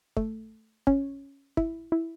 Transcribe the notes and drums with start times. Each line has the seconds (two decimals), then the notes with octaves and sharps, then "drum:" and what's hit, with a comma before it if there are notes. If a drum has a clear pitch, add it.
0.17 A3, drum: kick
0.87 C#4, drum: kick
1.57 E4, drum: kick
1.92 E4